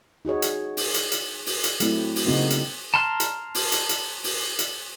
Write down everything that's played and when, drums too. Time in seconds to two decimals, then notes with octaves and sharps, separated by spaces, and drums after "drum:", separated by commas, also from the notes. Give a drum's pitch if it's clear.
0.25 D#4 F#4 G#4 C#5
0.42 drum: hi-hat
0.77 drum: open hi-hat
0.94 drum: hi-hat
1.12 drum: hi-hat
1.46 drum: open hi-hat
1.64 drum: hi-hat
1.80 F#3 A3 C4 E4 G4, drum: hi-hat
2.16 drum: open hi-hat
2.25 C#3 A#3 C4 D#4 F#4
2.50 drum: hi-hat
2.94 A5 A#5 C6 F6
3.20 drum: hi-hat
3.55 drum: open hi-hat
3.72 drum: hi-hat
3.89 drum: hi-hat
4.24 drum: open hi-hat
4.59 drum: hi-hat